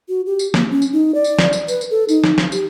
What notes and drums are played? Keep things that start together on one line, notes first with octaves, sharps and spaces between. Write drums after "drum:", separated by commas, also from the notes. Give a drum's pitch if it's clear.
F#4
G4
drum: tambourine
A#3, drum: snare
C#4
drum: tambourine
D#4
D5
drum: tambourine
drum: snare
drum: tambourine
B4, drum: tambourine
drum: tambourine
A4
D#4, drum: tambourine
drum: snare
drum: snare
G4, drum: tambourine